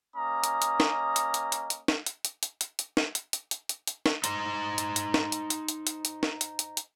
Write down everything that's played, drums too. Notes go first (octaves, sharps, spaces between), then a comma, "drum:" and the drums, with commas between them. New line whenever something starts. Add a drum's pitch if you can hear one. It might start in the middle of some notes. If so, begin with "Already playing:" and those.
A#3 C#4 D#5 A#5 D#6
drum: hi-hat
drum: hi-hat
drum: snare
drum: hi-hat
drum: hi-hat
drum: hi-hat
drum: hi-hat
drum: snare
drum: hi-hat
drum: hi-hat
drum: hi-hat
drum: hi-hat
drum: hi-hat
drum: snare
drum: hi-hat
drum: hi-hat
drum: hi-hat
drum: hi-hat
drum: hi-hat
drum: snare
D#4 C5, drum: hi-hat
drum: hi-hat
drum: hi-hat
drum: snare
drum: hi-hat
drum: hi-hat
drum: hi-hat
drum: hi-hat
drum: hi-hat
drum: snare
drum: hi-hat
drum: hi-hat
drum: hi-hat